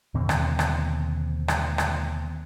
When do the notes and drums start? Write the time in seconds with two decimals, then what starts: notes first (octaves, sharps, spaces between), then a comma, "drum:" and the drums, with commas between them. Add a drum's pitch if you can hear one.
0.14 D#2 B2 D3 C4
0.29 drum: rim click
0.59 drum: rim click
1.48 drum: rim click
1.78 drum: rim click